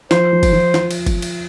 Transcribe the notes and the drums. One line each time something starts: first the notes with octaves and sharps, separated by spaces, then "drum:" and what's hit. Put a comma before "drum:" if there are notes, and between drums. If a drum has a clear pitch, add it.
F3 C5, drum: snare
F3
drum: kick F#1, cymbal
F3
F3, drum: snare
drum: cymbal
drum: kick F#1, cymbal
drum: cymbal